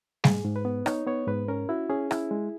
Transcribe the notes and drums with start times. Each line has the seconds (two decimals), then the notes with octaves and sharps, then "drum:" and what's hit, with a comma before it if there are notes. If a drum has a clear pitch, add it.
0.24 G#2 G#4, drum: snare
0.45 G#2
0.56 B4
0.65 B3
0.86 D#4 C#5, drum: rim click
1.07 B3 C#5
1.28 G#2 B4
1.48 C#4 A#4
1.69 E4 F#4
1.90 C#4 G#4
2.11 E4, drum: rim click
2.31 G#3